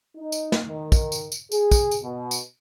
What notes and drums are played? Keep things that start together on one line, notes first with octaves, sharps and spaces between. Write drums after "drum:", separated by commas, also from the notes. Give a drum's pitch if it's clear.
D#4
drum: tambourine
drum: snare
D#3
drum: kick, tambourine
drum: tambourine
drum: tambourine
G#4, drum: tambourine
drum: kick, tambourine
drum: tambourine
B2
drum: tambourine